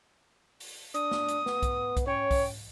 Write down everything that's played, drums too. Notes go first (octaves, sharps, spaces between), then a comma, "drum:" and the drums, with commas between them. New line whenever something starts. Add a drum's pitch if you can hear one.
drum: open hi-hat
D4 D#6, drum: hi-hat
drum: snare
drum: hi-hat
B3, drum: snare
drum: kick B1, hi-hat
drum: kick B1, hi-hat
C#4 C#5 G5
drum: kick B1, open hi-hat